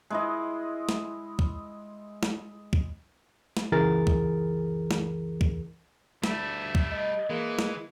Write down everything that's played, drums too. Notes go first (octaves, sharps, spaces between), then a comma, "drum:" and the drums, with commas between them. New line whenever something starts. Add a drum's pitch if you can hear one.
G#3 E4 D#5
drum: snare
drum: kick
drum: snare
drum: kick
drum: snare
C#2 F#2 E3 G#4 A#4 A6
drum: kick
drum: snare
drum: kick
D2 G3 A3 E5, drum: snare
drum: kick
D#5
E3 G#3 A#3
drum: snare